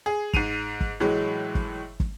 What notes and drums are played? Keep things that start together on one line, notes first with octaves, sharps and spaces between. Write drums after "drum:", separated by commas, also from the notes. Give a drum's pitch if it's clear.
G#4
G#2 C7 D#7 F7, drum: kick
drum: kick
A2 E3 F#3 G#3
drum: kick
drum: kick